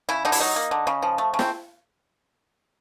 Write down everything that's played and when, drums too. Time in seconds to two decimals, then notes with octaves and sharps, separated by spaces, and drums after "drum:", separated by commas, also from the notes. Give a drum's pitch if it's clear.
0.09 C#3 E4
0.25 D3 D#4
0.32 E4, drum: open hi-hat
0.40 F#3 D#4
0.56 A#3
0.71 D3
0.87 C#3
1.02 F3
1.18 A3
1.34 C#3
1.39 C4, drum: snare